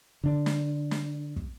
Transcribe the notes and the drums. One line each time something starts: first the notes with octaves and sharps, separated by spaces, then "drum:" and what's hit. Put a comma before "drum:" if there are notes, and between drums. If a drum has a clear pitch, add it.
D3 D4
drum: snare
drum: snare
drum: kick